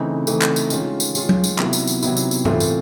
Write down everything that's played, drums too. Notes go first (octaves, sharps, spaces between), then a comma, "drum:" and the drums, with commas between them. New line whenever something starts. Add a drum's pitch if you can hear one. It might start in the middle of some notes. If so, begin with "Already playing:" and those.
Already playing: C#3 E3 A3 C4 D#4
C#3 E3 A3 C4 D#4, drum: tambourine
drum: clap
drum: tambourine
D#3 G#3 C#4 F4, drum: tambourine
drum: tambourine
D#3 G#3 C#4 F4, drum: tambourine
drum: tom
drum: tambourine
C3 D#3 F#3 B3 E4, drum: clap
drum: tambourine
drum: tambourine
C3 D#3 F#3 B3 E4, drum: tambourine
drum: tambourine
drum: tambourine
A2 E3 A3 C4 F4, drum: tom G2
drum: tambourine